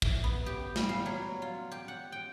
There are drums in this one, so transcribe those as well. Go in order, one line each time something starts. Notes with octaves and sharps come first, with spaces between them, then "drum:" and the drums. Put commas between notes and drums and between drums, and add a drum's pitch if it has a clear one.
E5, drum: kick
B3
G4
G3, drum: snare
F5
F#3
F4
G4
F#5
G5